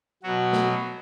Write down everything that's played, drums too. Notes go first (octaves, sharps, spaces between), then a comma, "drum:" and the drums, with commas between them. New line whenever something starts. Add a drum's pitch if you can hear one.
B2 F#3 F#4
drum: snare